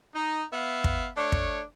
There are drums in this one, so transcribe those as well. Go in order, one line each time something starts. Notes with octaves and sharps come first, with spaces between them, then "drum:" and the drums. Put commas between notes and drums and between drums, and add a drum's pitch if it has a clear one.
D#4
B3 E5 F5
drum: kick
A3 D4 C#5
drum: kick